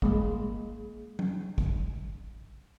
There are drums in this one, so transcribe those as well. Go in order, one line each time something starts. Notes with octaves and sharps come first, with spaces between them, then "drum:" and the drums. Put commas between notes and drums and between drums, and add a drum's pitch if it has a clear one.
G#3 A#3, drum: kick
drum: tom F#3
drum: kick